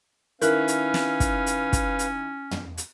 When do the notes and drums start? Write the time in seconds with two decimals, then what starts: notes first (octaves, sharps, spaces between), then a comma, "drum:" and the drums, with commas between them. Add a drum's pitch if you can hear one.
0.42 D#3 C#4 E4 A#4 B4 F5 F#6, drum: hi-hat
0.68 drum: hi-hat
0.94 drum: snare
1.20 drum: kick, hi-hat
1.46 drum: hi-hat
1.73 drum: kick, hi-hat
1.99 drum: hi-hat
2.51 drum: tom
2.78 drum: hi-hat